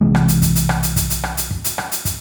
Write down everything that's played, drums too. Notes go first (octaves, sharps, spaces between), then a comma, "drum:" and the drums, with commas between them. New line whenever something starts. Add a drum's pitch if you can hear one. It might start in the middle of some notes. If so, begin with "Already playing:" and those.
B1 C3 E3 G#3
drum: rim click
drum: hi-hat
drum: kick, hi-hat
drum: hi-hat
drum: rim click
drum: hi-hat
drum: kick, hi-hat
drum: hi-hat
drum: rim click
drum: hi-hat
drum: kick
drum: hi-hat
drum: rim click
drum: hi-hat
drum: kick, hi-hat